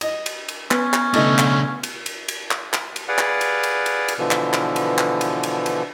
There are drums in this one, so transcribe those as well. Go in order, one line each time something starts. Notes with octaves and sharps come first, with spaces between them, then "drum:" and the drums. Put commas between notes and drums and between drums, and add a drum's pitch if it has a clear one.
D#5, drum: cymbal
drum: cymbal
drum: cymbal
B3 C#4, drum: clap
drum: clap
C#3 A3 D4 D#5, drum: cymbal
drum: clap
drum: cymbal
drum: cymbal
drum: cymbal
drum: clap
drum: clap
drum: cymbal
G#4 B4 D5 F5 F#5
drum: clap
drum: cymbal
drum: cymbal
drum: cymbal
drum: cymbal
B2 D3 E3 F3
drum: clap
drum: clap
drum: cymbal
drum: clap
drum: cymbal
drum: cymbal
drum: cymbal